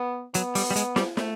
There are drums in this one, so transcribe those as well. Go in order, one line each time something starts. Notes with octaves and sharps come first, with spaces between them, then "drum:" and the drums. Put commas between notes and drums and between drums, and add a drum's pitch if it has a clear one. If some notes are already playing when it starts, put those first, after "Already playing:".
Already playing: B3
F#3 B3, drum: hi-hat
G3, drum: open hi-hat
G3
G#3, drum: hi-hat
G3, drum: snare
A3, drum: snare